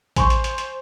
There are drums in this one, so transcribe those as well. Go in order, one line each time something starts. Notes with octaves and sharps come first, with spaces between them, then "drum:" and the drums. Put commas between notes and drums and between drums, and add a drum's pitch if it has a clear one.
C5 G#5 C6 C#6, drum: kick A#1, hi-hat
drum: hi-hat
drum: hi-hat
drum: hi-hat